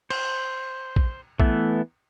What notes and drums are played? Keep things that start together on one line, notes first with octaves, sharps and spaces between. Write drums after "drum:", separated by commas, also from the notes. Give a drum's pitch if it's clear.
C5, drum: cymbal
drum: kick A#1
E3 A3 B3, drum: kick A#1